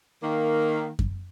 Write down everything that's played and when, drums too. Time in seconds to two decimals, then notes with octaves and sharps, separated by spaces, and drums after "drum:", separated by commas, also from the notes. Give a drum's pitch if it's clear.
0.23 D#3 A#3
0.99 drum: kick F#2